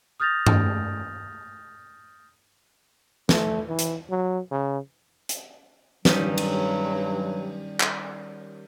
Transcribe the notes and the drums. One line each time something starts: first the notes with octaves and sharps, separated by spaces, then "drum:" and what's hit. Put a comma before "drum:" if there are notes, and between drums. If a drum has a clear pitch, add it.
D#6 F6 G6 A6 A#6 F7
drum: tom G2
A3, drum: snare
E3
drum: hi-hat
F#3
C#3
drum: hi-hat
G2 D#3 F#3 G3 C#4, drum: snare
drum: cymbal
drum: clap